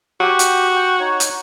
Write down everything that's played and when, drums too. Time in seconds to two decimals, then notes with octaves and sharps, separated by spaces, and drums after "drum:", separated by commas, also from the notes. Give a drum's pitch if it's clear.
0.21 F#4 G4
0.39 drum: hi-hat
0.76 G5
1.00 D#4 C#5
1.20 drum: hi-hat